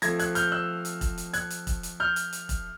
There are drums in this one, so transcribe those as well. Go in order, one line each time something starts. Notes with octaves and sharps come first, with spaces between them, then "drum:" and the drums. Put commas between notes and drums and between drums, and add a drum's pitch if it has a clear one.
F3 A3 C4 G#6 A#6, drum: hi-hat
F#6 G#6, drum: hi-hat
F6 G6, drum: hi-hat
E6 F#6
drum: hi-hat
drum: kick E1, hi-hat
drum: hi-hat
F#6 G#6, drum: hi-hat
drum: hi-hat
drum: kick E1, hi-hat
drum: hi-hat
F6 G6
drum: hi-hat
drum: hi-hat
drum: kick E1, hi-hat